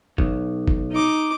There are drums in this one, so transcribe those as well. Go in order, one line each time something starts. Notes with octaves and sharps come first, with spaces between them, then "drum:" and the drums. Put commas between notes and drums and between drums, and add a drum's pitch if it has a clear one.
B1, drum: kick F#1
drum: kick F#1
D#4 D6